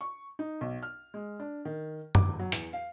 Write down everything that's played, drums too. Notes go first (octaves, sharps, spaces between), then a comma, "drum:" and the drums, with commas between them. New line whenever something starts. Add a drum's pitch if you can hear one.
C#6
D#4
B1
F6
G#3
D4
D#3
D6, drum: tom F#2
F#3
E2, drum: hi-hat
F5